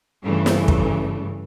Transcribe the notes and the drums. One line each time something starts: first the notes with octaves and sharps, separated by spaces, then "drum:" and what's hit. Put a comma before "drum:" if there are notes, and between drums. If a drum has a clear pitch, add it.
G2 C#3 E3 A3
drum: snare
drum: kick